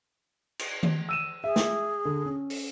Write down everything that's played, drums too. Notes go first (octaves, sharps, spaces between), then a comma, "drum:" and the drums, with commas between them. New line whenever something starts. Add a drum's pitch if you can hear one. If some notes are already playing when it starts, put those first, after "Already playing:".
drum: cymbal
drum: tom D#3
E6 D#7 E7
G#4 E5
drum: snare
D3
C#4
drum: open hi-hat